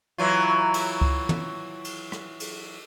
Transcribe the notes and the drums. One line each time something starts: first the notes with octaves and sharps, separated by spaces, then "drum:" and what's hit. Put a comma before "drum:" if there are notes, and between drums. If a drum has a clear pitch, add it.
E3 F#3 F4
drum: cymbal
drum: kick C#2
drum: tom
drum: cymbal
drum: rim click
drum: cymbal